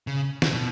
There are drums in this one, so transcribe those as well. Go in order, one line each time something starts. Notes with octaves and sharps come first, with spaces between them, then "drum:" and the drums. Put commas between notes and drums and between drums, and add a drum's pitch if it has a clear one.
C#3
drum: snare
B2